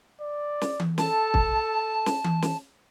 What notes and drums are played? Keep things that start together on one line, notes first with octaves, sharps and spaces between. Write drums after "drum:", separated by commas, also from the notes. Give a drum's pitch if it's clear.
D5
drum: snare
drum: tom E3
A4 A5, drum: snare
drum: kick
drum: snare
drum: tom E3
drum: snare